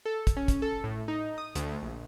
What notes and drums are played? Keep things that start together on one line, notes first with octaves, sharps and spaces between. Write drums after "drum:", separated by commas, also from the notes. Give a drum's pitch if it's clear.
A4
drum: kick, hi-hat
C#4
drum: kick, hi-hat
A4
A2
D#4
D#6
D2, drum: hi-hat
A#1